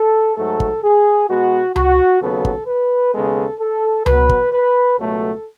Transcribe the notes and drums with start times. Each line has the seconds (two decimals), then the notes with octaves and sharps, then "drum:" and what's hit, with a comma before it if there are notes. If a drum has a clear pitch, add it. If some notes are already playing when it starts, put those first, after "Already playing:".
Already playing: A4
0.37 G#2 F#3 A3 A4
0.60 drum: kick
0.83 G#4
1.29 B2 G#3 B3 F#4
1.76 F#4, drum: tom C#2
2.21 D#2 C#3 F#3 B3 A4
2.45 drum: kick
2.67 B4
3.14 D#2 C#3 G#3 B3 A4
3.60 A4
4.06 B2 F#3 B3 B4, drum: tom C#2
4.29 drum: kick
4.52 B4
4.98 C#2 B2 F#3 A3 A4